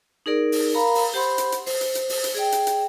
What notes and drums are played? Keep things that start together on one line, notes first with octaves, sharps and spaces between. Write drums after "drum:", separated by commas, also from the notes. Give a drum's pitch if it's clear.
D#4 G#4 A#4 D5
drum: open hi-hat
A#4 F5 A#5 B5
drum: open hi-hat
G4 C5 F#5 B5 C6
drum: hi-hat
drum: hi-hat
C5, drum: open hi-hat
drum: hi-hat
drum: hi-hat
drum: open hi-hat
drum: hi-hat
G#4 D5 G5
drum: hi-hat
drum: hi-hat